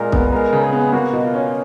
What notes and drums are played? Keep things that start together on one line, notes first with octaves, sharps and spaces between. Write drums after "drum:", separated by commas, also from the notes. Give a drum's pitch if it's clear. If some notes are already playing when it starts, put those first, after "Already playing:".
Already playing: A#2 G#3 A#4
B3, drum: kick C2
G#3 A#4
C#3
G#4
B3
A#3 F#4
B2
F4
C#4